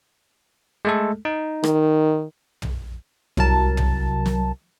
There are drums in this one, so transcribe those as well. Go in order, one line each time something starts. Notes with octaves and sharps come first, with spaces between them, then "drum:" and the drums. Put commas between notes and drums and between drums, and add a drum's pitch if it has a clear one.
G#3 A3 A4
D#4
D#3, drum: rim click
drum: tom
C2 F#3 A#4 A5, drum: tom
drum: tom
drum: snare